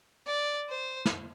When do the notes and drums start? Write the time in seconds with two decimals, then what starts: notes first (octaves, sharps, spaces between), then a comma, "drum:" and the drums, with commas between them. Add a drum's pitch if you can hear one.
0.27 D5
0.69 C5
1.06 drum: snare